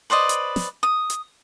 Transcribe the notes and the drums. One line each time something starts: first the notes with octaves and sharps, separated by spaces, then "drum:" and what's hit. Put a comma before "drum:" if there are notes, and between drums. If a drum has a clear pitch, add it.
B4 C5 D5 D#5
drum: hi-hat
drum: snare
D#6
drum: hi-hat